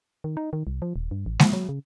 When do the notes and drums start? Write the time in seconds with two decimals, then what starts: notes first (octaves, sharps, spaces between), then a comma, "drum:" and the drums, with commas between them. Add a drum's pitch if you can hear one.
0.24 D#3
0.37 D#4
0.53 D#3
0.67 C2
0.82 F3
0.96 D#1
1.11 G2
1.26 A1
1.39 F3, drum: snare G#3
1.53 F#3
1.69 C#3